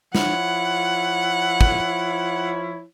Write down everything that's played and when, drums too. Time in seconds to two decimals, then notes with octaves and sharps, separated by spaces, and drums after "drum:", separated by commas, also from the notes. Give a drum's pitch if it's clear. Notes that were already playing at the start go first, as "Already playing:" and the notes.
0.15 F3 E4 C#5 F#5, drum: snare
1.61 drum: kick